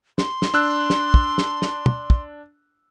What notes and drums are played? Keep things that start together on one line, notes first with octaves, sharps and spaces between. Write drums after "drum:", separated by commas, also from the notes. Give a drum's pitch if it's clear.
C6, drum: snare
drum: snare
D4 E6 F#6
drum: snare
drum: kick
drum: snare
drum: snare
drum: tom
drum: kick